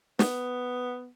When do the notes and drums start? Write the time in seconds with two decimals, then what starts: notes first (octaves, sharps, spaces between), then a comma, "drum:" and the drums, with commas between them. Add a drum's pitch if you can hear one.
0.19 B3, drum: snare